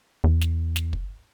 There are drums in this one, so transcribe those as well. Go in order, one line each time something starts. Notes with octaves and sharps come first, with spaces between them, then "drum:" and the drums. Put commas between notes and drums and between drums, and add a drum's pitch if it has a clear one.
E2
drum: snare
drum: snare
drum: kick